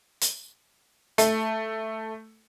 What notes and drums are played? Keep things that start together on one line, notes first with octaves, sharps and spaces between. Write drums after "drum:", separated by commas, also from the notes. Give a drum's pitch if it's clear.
drum: hi-hat
A3, drum: hi-hat